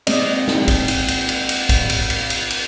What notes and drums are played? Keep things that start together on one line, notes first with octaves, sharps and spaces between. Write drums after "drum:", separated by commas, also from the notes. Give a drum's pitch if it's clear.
G#3 A#3 C4 D5 D#5, drum: cymbal
drum: snare
drum: kick, cymbal
drum: cymbal
drum: cymbal
drum: cymbal
drum: cymbal
drum: kick, cymbal
drum: cymbal
drum: cymbal
drum: cymbal
drum: cymbal